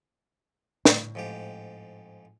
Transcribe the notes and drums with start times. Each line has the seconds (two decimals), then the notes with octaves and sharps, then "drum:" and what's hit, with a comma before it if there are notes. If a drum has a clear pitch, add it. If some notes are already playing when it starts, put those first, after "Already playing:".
0.85 A2, drum: snare
1.15 F2 G#2 G4